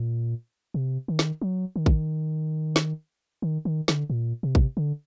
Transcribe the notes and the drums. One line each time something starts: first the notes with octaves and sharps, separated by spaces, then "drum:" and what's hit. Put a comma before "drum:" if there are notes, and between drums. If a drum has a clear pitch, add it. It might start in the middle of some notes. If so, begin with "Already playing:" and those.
Already playing: A#2
C3
D#3
drum: snare
F#3
D#3
drum: kick
drum: snare
D#3
D#3
D3, drum: snare
A#2
C3
drum: kick
D3